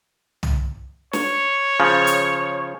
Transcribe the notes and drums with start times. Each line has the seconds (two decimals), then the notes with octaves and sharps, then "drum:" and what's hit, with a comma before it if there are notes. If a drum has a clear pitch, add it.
0.43 drum: tom
1.13 C#5, drum: snare
1.80 C#3 F3
2.07 drum: hi-hat